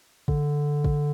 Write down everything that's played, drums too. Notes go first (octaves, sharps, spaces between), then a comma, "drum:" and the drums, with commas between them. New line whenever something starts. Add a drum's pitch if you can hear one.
D3, drum: kick
drum: kick